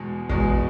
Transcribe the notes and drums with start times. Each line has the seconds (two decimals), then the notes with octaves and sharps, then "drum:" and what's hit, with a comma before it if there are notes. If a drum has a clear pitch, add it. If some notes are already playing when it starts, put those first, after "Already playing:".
Already playing: E2 B2 G#3
0.29 E2 B2 G#3, drum: kick